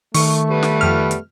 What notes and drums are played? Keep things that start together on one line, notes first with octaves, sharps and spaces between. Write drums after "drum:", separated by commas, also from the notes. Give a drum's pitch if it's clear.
D#3 A3 C#6, drum: open hi-hat
G3 B3 B4
drum: snare
F2 F6
drum: hi-hat